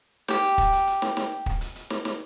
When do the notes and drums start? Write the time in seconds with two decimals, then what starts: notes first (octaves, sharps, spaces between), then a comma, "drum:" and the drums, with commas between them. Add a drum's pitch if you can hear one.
0.28 G4 G5, drum: snare
0.43 drum: hi-hat
0.58 drum: kick, hi-hat
0.73 drum: hi-hat
0.87 drum: hi-hat
1.02 drum: snare
1.17 drum: snare
1.46 drum: kick
1.61 drum: hi-hat
1.76 drum: hi-hat
1.90 drum: snare
2.05 drum: snare